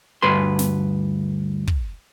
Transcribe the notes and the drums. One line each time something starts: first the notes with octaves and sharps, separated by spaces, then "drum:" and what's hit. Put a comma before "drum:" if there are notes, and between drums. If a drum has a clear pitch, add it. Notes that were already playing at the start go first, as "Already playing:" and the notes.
D2 G2 B4 C6
drum: snare
drum: kick